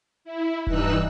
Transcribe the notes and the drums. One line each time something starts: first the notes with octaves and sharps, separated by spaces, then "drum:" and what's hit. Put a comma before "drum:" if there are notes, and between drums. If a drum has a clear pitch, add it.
E4
G2 E3 D#4 E6 F#6, drum: kick D#1